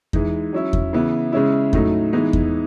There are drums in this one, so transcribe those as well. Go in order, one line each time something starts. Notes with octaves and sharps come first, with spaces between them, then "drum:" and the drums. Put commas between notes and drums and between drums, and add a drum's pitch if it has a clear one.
E3 G#3 D#4, drum: kick E2
F#3 C#4 E4
drum: kick E2
C#3 E3 B3 E4
C#3 G#3 C#4 E4
A2 F#3 A3 D#4, drum: kick E2
E3 G#3 B3 D#4
drum: kick E2